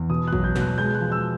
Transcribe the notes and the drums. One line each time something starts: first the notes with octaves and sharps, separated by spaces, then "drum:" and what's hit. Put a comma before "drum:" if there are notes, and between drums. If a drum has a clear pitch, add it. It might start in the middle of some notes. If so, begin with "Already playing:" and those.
Already playing: E2
B2 D#6
F#6
F#3, drum: kick A1
G6
B2, drum: snare
F#6
G#3 G6
F#6
F3
E6